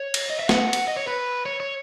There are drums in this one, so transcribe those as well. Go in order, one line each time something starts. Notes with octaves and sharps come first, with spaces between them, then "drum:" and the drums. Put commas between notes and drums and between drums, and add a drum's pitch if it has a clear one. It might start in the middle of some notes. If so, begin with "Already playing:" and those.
Already playing: C#5
drum: cymbal
D#5
E5
F#5, drum: snare
drum: cymbal
D#5
C#5
B4
C#5
C#5